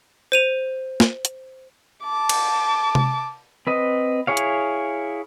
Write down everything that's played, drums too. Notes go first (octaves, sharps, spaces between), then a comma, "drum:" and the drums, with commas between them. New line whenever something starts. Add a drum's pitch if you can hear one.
C5 D#7 F7
drum: snare
drum: hi-hat
A5 D6
drum: cymbal
drum: tom C3
C4 B4 D#5
E4 G#4 C#5 F5
drum: hi-hat